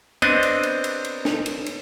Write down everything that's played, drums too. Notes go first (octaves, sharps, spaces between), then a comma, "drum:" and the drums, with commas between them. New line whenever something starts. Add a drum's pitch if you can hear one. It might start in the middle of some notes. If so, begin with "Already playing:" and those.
B3 C4 D4 D#5, drum: cymbal
drum: cymbal
drum: cymbal
drum: cymbal
drum: cymbal
drum: snare
drum: cymbal
drum: cymbal